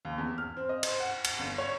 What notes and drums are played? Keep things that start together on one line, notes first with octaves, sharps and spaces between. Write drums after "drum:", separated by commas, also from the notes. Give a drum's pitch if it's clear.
D#2
E2
F6
C4
D#5
C5, drum: cymbal
F#5
C#7, drum: cymbal
G1
C#5